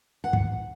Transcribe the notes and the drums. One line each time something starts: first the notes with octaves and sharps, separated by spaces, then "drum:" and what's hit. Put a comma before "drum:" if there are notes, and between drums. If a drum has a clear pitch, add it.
F#5
drum: kick